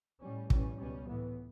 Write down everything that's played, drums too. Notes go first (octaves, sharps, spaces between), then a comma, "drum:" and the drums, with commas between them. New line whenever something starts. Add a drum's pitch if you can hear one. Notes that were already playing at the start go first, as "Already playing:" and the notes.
A2 G3 C#4
A2 E3 G3 C#4, drum: kick
C#2 B2 G3 C#4
A2 E3 B3